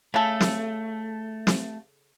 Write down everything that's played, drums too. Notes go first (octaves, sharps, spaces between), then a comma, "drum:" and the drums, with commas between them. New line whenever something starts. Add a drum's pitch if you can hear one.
C#3 A3 A4
drum: snare
drum: snare